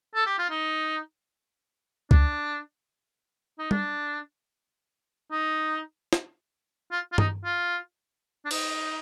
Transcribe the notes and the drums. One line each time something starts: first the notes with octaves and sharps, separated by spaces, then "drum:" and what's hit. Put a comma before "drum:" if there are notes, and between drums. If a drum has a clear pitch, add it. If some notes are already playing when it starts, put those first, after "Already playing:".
A4
G4
F4
D#4
D4, drum: kick C#2
D#4
D4, drum: tom
D#4
drum: snare
F4
F4
D#4, drum: tom G2
F4
D4
D#4, drum: cymbal